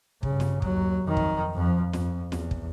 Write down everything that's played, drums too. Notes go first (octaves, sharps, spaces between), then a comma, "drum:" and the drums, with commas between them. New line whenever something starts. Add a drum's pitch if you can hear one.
G2 C#3, drum: kick
drum: snare
D#2 F#3, drum: kick
F2 D#3
drum: kick
F2 F3
F2, drum: snare
E2, drum: snare
drum: kick